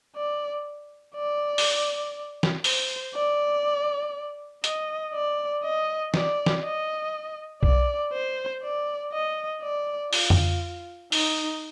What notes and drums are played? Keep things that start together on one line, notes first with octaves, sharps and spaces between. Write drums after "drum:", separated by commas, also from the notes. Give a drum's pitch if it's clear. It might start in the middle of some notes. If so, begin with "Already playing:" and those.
D5
D5
drum: open hi-hat
drum: snare
C5, drum: open hi-hat
D5
D#5, drum: hi-hat
D5
D#5
D5, drum: snare
drum: snare
D#5
D5, drum: kick B1
C5
D5
D#5
D5
F4, drum: open hi-hat
drum: tom F2
D#4, drum: open hi-hat